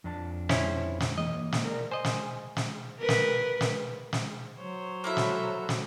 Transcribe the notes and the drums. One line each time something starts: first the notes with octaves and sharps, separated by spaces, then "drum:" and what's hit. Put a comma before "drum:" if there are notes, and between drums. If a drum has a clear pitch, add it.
F2 D4 A5
C#4 E4 C5, drum: snare
drum: snare
E3 A#3 D#5
drum: snare
A#4 C#5 D5
C5 D#5 G#5
drum: snare
drum: snare
A#4 B4
drum: snare
drum: snare
drum: snare
F#3 C5 C#5
A#3 E4 F#4 A4 E5
drum: snare
drum: snare